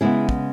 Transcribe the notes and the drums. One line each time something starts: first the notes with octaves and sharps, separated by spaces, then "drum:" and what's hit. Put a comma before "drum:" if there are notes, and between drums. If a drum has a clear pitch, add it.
C#3 G#3 B3 E4 G#4
drum: kick